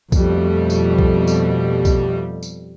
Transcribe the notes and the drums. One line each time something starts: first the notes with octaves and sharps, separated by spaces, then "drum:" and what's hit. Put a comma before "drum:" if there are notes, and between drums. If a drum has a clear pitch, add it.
F2 B2 G3 A3, drum: kick, tambourine
drum: tambourine
drum: kick
drum: tambourine
drum: kick, tambourine
drum: tambourine